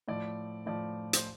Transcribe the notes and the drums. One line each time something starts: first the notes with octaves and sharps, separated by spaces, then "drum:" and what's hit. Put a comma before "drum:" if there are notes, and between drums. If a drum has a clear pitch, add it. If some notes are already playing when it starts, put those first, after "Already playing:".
A2 F3 D5
A2 F3 D5
C5, drum: hi-hat